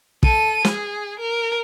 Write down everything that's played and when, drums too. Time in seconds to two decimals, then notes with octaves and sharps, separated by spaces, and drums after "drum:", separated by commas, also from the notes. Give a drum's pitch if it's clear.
0.23 A4 D#7, drum: kick
0.65 G#4, drum: snare
1.19 A#4